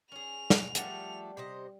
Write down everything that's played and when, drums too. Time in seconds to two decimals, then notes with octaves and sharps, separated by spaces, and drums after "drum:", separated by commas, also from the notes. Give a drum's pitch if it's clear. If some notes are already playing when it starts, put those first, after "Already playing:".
0.12 C#4 G#4 F7
0.50 drum: snare
0.75 F3 G3 A3 D4 A#4 F#5 G#5, drum: hi-hat
1.37 C3 C5 D#5